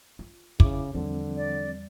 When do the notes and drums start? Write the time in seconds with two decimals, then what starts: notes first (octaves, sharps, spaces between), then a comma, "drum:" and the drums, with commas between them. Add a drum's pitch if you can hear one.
0.19 F4
0.60 C2 C#3 E4 D6, drum: kick
0.94 E2 D3 F3 G3 C4
1.36 D5